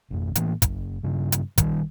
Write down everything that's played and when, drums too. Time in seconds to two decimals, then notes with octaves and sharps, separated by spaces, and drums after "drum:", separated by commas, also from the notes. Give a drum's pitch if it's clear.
0.11 G#1 F2
0.35 A2 E3 A#3, drum: hi-hat
0.62 F#1, drum: kick, hi-hat
1.03 G2 C#3
1.32 drum: hi-hat
1.58 D#3 G3, drum: kick, hi-hat